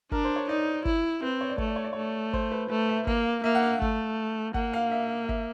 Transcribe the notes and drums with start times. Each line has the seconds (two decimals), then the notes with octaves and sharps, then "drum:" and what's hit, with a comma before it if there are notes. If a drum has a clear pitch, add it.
0.12 D4 A#4, drum: kick G1
0.24 C5
0.36 C#5
0.49 D#4 D5
0.85 E4, drum: kick G1
1.23 C4 B4
1.41 C#5
1.50 D5
1.58 A3 C#5, drum: kick G1
1.68 D5
1.76 C#5
1.84 D5
1.93 A3 C#5
2.33 C5, drum: kick G1
2.52 B4
2.70 A3 B4
2.89 E5
3.07 A#3 F5, drum: kick G1
3.43 A#3 E5
3.55 F#5
3.63 F5
3.82 A3, drum: kick G1
4.54 A#3 F#5, drum: kick G1
4.73 F5
4.91 E5
5.29 E5, drum: kick G1